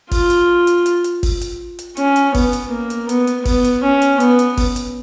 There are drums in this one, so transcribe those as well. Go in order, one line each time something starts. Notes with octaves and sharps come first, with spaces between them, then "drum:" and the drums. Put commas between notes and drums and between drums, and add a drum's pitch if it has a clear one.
F4, drum: kick G#1, open hi-hat
drum: hi-hat
drum: hi-hat
drum: hi-hat
drum: hi-hat
drum: kick G#1, open hi-hat
drum: hi-hat
drum: hi-hat
C#4, drum: hi-hat
drum: hi-hat
B3, drum: kick G#1, open hi-hat
drum: hi-hat
A#3
drum: hi-hat
B3, drum: hi-hat
drum: hi-hat
B3, drum: kick G#1, open hi-hat
drum: hi-hat
C#4
drum: hi-hat
B3, drum: hi-hat
drum: hi-hat
drum: kick G#1, open hi-hat
drum: hi-hat